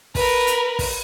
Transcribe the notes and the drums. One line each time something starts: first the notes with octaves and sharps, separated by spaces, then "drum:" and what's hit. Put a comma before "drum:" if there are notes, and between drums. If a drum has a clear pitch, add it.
A#4 B4, drum: kick, open hi-hat
drum: hi-hat
drum: kick, open hi-hat